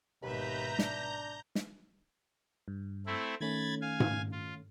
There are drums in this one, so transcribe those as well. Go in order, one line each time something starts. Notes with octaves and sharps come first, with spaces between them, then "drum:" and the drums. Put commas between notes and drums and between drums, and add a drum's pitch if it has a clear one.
G#1 D#2 B2 B4 E5 A#5 G6
D4, drum: snare
drum: snare
G2
A3 C4 E4
D#3 A3 C#4 B5 G#6 A6
F5 G#5
drum: tom G#2
F4